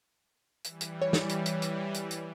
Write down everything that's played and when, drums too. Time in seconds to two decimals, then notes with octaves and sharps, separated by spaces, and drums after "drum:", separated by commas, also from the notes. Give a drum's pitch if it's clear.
0.64 E3 G3, drum: hi-hat
0.81 drum: hi-hat
1.02 C#5
1.13 drum: snare
1.29 drum: hi-hat
1.46 drum: hi-hat
1.62 drum: hi-hat
1.94 drum: hi-hat
2.11 drum: hi-hat